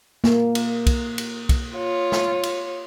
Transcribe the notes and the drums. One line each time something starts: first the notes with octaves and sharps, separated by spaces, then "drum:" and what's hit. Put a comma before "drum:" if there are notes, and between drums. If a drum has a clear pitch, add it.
A#3, drum: snare
drum: cymbal
drum: kick, cymbal
drum: cymbal
drum: kick, cymbal
F4 C#5
drum: snare
drum: cymbal